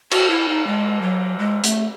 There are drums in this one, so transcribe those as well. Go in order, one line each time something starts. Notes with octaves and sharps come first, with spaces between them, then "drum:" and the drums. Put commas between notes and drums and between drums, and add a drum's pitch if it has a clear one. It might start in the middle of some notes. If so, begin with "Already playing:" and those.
F#4, drum: cymbal
E4
D#4
G#3
F#3
G#3
A3, drum: hi-hat